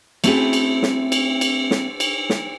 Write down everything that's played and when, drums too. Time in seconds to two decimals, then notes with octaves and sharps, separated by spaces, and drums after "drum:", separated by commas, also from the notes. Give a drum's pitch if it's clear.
0.24 A3 C4 C#4 E4 F#4 G#4, drum: cymbal
0.53 drum: cymbal
0.82 drum: snare
1.12 drum: cymbal
1.41 drum: cymbal
1.71 drum: snare
2.00 drum: cymbal
2.30 drum: snare